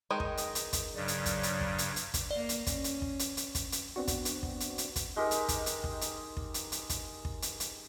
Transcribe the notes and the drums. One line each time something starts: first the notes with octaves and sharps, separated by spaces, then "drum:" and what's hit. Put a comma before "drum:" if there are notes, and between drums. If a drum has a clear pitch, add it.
D#3 G#3 D#4
drum: kick
drum: hi-hat
drum: hi-hat
drum: kick, hi-hat
G2 C#3 F#3 D5
drum: hi-hat
drum: kick, hi-hat
drum: hi-hat
drum: kick
drum: hi-hat
drum: hi-hat
drum: kick, hi-hat
A#3 D5 F5
drum: hi-hat
C#4, drum: kick, hi-hat
drum: hi-hat
drum: kick
drum: hi-hat
drum: hi-hat
drum: kick, hi-hat
drum: hi-hat
B3 C4 D4 F#4
drum: kick, hi-hat
drum: hi-hat
drum: kick
drum: hi-hat
drum: hi-hat
drum: kick, hi-hat
G#3 D#4 G4 A#4
drum: hi-hat
drum: kick, hi-hat
drum: hi-hat
drum: kick
drum: hi-hat
drum: kick
drum: hi-hat
drum: hi-hat
drum: kick, hi-hat
drum: kick
drum: hi-hat
drum: hi-hat